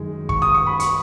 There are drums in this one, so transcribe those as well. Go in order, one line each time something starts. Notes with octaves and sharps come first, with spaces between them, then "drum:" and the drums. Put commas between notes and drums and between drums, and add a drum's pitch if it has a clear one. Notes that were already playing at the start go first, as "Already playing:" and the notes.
Already playing: F#2 D#3 G#3
C#6, drum: kick
D#6
C#6
B5
C#6, drum: hi-hat